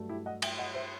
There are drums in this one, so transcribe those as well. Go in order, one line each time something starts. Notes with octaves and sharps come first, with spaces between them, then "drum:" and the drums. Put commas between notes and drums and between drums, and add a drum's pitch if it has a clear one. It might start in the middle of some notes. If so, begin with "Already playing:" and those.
Already playing: G2 F#3 A3
E4 G4
D#5 F#5
E5 G5, drum: cymbal
D#5 F#5
C5 E5